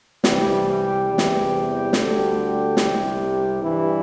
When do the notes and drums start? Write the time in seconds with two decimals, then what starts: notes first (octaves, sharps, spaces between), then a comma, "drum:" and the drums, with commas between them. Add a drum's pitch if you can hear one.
0.24 C2 C3 E3 G3 G4, drum: snare
1.09 E2 C3 E3 G3
1.18 drum: snare
1.93 D2 D3 G3, drum: snare
2.77 C2 C3 G3, drum: snare
3.61 G2 E3 G3 E4